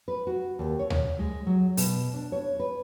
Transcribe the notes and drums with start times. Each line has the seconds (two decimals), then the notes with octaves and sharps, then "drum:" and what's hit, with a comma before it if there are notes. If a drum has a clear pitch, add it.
0.08 B4
0.27 F#4
0.59 D#2
0.79 C#5
0.90 drum: tom D2
1.19 G#3
1.46 F#3
1.77 B2, drum: open hi-hat
2.14 D4
2.32 C#5
2.59 B4